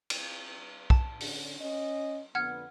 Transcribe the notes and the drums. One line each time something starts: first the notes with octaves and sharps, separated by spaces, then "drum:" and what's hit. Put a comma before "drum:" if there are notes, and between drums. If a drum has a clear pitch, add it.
drum: cymbal
A5, drum: kick B1
D3 C#4 D4, drum: open hi-hat
C#4 D#5
F2 D3 B3 F#5 F6 G#6